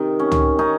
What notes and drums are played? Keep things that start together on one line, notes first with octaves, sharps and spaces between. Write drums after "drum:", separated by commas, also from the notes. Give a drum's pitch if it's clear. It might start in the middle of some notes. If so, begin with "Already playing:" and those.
Already playing: C3 D#3 D#4
C#4
drum: tom
C#4 D#4